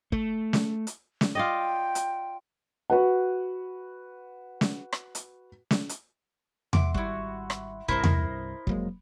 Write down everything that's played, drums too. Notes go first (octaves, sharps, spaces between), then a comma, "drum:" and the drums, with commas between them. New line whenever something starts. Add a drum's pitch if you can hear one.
A3, drum: kick
drum: snare
drum: hi-hat
drum: snare
F4 D5 D#5 G5
drum: hi-hat
F#4 B4 F#5
drum: snare
drum: rim click
drum: hi-hat
drum: snare
drum: hi-hat
E5 F#5 C6 D6, drum: tom E2
G#1 G3 E4 F#4, drum: kick
drum: rim click
C2 G2 E4 A#4 C5 D#5, drum: kick
drum: tom E2
F1 A2 F#3 G#3 A#3, drum: kick